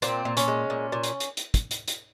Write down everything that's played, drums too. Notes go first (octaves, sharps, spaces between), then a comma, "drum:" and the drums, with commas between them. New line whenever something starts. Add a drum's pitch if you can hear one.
A#2 C4, drum: hi-hat
A#2
C#4, drum: hi-hat
G#3
A#2
A#2
drum: hi-hat
drum: hi-hat
drum: hi-hat
drum: kick, hi-hat
drum: hi-hat
drum: hi-hat